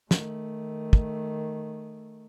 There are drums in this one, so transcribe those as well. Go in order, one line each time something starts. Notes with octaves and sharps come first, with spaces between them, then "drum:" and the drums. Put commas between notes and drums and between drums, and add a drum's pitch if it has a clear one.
D#3 A3, drum: snare
drum: kick